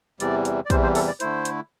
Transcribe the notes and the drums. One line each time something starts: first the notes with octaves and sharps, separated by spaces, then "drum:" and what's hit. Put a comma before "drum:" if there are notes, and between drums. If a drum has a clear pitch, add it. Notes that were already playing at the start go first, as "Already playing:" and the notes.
E2 C3 E3 G3 D5, drum: hi-hat
drum: hi-hat
D5
E2 C3 E3 G3 C5, drum: kick, hi-hat
C5
A4, drum: open hi-hat
D5
D3 A3 E4 C5, drum: hi-hat
drum: hi-hat